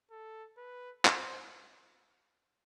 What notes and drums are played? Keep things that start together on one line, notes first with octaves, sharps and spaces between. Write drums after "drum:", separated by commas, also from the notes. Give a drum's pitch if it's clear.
A4
B4
C5, drum: clap